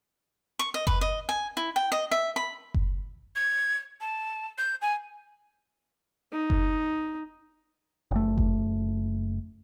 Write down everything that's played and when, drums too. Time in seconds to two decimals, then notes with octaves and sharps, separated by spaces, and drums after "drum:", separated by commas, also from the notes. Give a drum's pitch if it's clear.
0.59 C#6
0.74 D#5
0.87 B4, drum: kick F#1
1.01 D#5
1.29 G#5
1.57 E4
1.76 G5
1.92 D#5
2.11 E5
2.36 B5
2.74 drum: kick F#1
3.36 G#6
4.01 A5
4.58 G6
4.82 G#5
6.32 D#4
6.50 drum: kick F#1
8.11 F#1 A3
8.38 drum: kick F#1